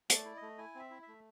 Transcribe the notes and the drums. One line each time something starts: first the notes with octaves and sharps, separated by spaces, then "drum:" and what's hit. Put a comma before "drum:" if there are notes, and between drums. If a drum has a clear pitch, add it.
A3 D5, drum: hi-hat
E4
D#5
A3
E4 G#5
C4 E5
E4
E5
A3